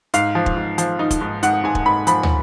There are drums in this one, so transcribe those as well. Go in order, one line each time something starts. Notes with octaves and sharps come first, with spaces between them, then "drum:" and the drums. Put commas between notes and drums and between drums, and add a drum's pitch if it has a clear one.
G#2 F5, drum: hi-hat
F3
drum: kick
G#2
F3, drum: hi-hat
D#4
drum: kick, hi-hat
G#2
G#2 F#5, drum: hi-hat
G#2 G#5
drum: kick
G#2 B5
F3 B5, drum: hi-hat
drum: tom